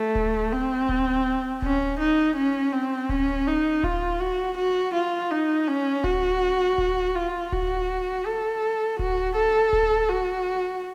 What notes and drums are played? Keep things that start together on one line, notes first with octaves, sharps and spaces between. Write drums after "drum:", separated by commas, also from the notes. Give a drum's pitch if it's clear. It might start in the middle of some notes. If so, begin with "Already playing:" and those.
Already playing: A3
drum: kick D1
C4
drum: kick D1
C#4, drum: kick D1
D#4
C#4
C4
C#4, drum: kick D1
D#4
F4, drum: kick D1
F#4
F#4
F4
D#4
C#4
F#4, drum: kick D1
drum: kick D1
F4
F#4, drum: kick D1
A4
F#4, drum: kick D1
A4
drum: kick D1
F#4